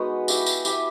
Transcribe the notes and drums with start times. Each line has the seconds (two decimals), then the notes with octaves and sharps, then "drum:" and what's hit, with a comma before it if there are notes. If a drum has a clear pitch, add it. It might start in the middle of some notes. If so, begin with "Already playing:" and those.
Already playing: G#3 B3 D#4 F#4
0.28 E4 G4 B4 E5, drum: tambourine
0.46 drum: tambourine
0.65 E4 G4 B4 E5, drum: tambourine